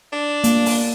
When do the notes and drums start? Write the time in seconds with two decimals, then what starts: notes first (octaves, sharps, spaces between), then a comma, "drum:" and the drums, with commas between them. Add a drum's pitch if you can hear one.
0.13 D4
0.44 A#3, drum: hi-hat
0.66 drum: open hi-hat